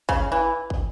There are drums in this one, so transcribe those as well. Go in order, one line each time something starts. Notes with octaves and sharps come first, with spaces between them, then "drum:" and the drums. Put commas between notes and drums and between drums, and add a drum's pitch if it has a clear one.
C#3, drum: kick
E3
drum: kick